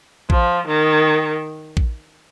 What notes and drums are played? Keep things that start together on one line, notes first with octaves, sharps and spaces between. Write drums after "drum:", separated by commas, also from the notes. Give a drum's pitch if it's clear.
F3, drum: kick A#1
D#3
drum: kick A#1